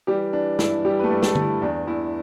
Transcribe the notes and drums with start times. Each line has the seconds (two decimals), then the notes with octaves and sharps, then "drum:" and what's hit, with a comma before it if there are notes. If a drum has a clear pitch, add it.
0.07 E3 G3 G4
0.33 E3 D4
0.59 G2 E4, drum: snare
0.85 E3 G3 G4
0.99 B4
1.04 A3 A4
1.10 G2
1.23 A3 A4, drum: snare
1.35 E3, drum: tom D3
1.42 E4
1.62 E2 D4
1.87 E2 E4